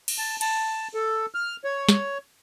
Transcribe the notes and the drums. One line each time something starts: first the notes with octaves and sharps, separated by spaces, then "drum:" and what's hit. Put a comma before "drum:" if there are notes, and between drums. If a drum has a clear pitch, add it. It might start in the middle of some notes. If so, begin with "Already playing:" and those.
drum: cymbal
A5
A5, drum: cymbal
A4
F6
C#5
drum: snare